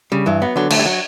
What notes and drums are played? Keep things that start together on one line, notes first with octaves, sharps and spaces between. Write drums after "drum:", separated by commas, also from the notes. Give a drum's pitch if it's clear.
C#3 G3
G2 E3
F#3 B3
D3 F#3
F#3 A3, drum: cymbal
G3
F#3